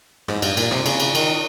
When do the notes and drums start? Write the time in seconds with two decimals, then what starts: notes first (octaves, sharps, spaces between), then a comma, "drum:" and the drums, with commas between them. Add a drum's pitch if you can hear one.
0.28 G#2, drum: rim click
0.42 G2, drum: cymbal
0.57 A#2, drum: cymbal
0.71 C3, drum: rim click
0.86 C#3, drum: cymbal
1.00 C#3, drum: cymbal
1.15 D#3, drum: cymbal